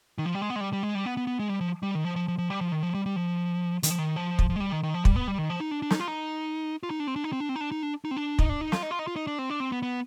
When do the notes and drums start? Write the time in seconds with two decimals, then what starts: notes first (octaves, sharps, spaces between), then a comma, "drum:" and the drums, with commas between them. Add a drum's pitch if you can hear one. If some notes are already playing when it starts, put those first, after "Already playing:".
0.18 D#3
0.26 F3
0.35 G3
0.41 G#3
0.50 B3
0.56 G#3
0.61 G3
0.73 G3
0.83 G#3
0.95 G3
1.05 B3
1.17 B3
1.27 B3
1.39 G#3
1.49 G3
1.61 F3
1.83 G3
1.95 D#3
2.05 F3
2.16 F3
2.28 F3
2.38 F3
2.50 G3
2.61 F3
2.72 D#3
2.83 F3
2.94 G3
3.06 G3
3.16 F3
3.83 D#3, drum: hi-hat
3.90 F3
3.98 D#3
4.16 F3
4.39 drum: kick
4.50 F3
4.56 G#3
4.60 G3
4.72 D#3
4.83 D#3
4.94 F3
5.05 G3, drum: kick
5.16 B3
5.28 G3
5.38 D#3
5.50 F3
5.60 D#4
5.71 D4
5.82 D4
5.91 D#4, drum: snare
6.00 F4
6.08 D#4
6.83 F4
6.90 D#4
7.00 D4
7.07 C4
7.16 D4
7.24 D#4
7.33 C4
7.40 D4
7.49 C4
7.56 D#4
7.61 D4
7.72 D#4
7.83 D4
8.05 D#4
8.11 C4
8.17 D4
8.39 D#4, drum: kick
8.49 D4
8.61 D#4
8.72 F4, drum: snare
8.83 D#4
8.91 F4
8.99 D#4
9.07 F4
9.16 D#4
9.27 D4
9.39 C4
9.50 D4
9.60 C4
9.72 B3
9.82 B3